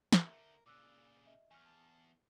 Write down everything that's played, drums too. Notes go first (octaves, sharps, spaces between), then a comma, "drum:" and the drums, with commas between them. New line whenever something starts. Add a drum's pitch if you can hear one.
drum: snare
D3 A3 A#4 E5
A#2 C#3 D5 D6 E6 F#6
D#5 E5
E2 G#5 C#6 F6
A5